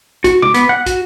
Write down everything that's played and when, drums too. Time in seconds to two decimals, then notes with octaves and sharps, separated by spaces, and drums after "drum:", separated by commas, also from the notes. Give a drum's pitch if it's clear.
0.24 F#4, drum: kick, hi-hat
0.42 D6, drum: tom
0.54 B3, drum: hi-hat
0.69 F#5
0.86 F#4, drum: kick, hi-hat